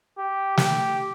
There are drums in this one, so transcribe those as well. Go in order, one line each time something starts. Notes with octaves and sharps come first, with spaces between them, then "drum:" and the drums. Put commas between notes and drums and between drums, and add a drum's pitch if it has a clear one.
G4
G4, drum: snare